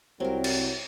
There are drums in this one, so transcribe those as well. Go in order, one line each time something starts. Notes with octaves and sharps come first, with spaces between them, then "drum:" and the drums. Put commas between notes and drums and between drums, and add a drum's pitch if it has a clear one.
C2 F#3 C4 A#4
drum: cymbal